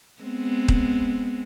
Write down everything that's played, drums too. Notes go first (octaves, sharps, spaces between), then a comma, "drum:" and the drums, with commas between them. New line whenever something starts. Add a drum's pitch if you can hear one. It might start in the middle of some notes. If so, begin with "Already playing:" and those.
G#3 B3 C4
drum: kick D#1